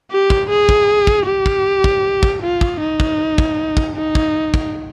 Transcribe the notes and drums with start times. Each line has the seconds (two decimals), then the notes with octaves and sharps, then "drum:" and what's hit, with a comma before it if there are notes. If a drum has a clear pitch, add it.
0.11 G4
0.30 drum: kick
0.50 G#4
0.69 drum: kick
1.07 drum: kick
1.26 G4
1.46 drum: kick
1.84 drum: kick
2.23 drum: kick
2.42 F4
2.61 drum: kick
2.81 D#4
3.00 drum: kick
3.38 drum: kick
3.77 drum: kick
3.96 D#4
4.15 drum: kick
4.54 drum: kick